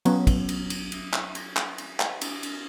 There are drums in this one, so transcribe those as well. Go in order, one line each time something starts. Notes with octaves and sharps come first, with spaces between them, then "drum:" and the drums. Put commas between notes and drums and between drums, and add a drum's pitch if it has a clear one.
F#3 B3 C#4, drum: cymbal
drum: kick, cymbal
drum: cymbal
drum: cymbal
drum: cymbal
drum: clap
drum: cymbal
drum: clap
drum: cymbal
drum: clap
drum: cymbal
drum: cymbal